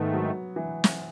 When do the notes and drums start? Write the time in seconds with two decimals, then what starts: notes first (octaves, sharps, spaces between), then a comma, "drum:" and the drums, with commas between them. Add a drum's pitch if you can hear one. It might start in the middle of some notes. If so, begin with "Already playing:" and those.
Already playing: G#2 D#3 A3 B3
0.14 F#3
0.56 E3
0.84 drum: snare